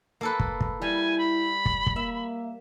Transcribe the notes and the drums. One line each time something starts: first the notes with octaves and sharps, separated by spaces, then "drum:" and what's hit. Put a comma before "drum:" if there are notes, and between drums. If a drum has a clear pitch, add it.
A#3 A4 B4
drum: kick
drum: kick
G3 E4 G#5
B5
drum: kick
drum: kick
A#3 E5